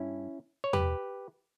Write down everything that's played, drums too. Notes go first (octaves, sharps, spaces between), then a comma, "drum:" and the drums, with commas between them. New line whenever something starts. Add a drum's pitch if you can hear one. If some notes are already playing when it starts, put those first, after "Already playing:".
Already playing: G2 C#4 E4
C#5
G4 B4, drum: tom